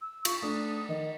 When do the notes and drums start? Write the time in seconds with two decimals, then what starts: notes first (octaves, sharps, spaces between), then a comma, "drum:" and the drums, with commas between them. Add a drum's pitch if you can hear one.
0.01 E6
0.25 F4 C#6, drum: cymbal
0.42 A3 D4 D#6
0.89 D#3 D#5